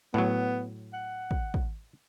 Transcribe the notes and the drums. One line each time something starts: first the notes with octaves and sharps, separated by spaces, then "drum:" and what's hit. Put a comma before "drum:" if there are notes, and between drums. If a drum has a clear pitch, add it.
A2 F#3 B3
F#5
drum: kick
drum: kick